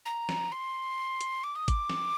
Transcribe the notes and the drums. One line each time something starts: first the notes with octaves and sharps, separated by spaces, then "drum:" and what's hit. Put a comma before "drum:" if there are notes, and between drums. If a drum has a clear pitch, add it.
A#5
drum: snare
C6
drum: hi-hat
D6
D#6
D6, drum: kick G#1, hi-hat
drum: snare